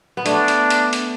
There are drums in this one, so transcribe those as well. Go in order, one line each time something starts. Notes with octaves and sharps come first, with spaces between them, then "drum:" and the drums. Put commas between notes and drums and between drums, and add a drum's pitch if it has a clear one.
B3
A3 D4, drum: hi-hat
drum: hi-hat
drum: hi-hat
drum: hi-hat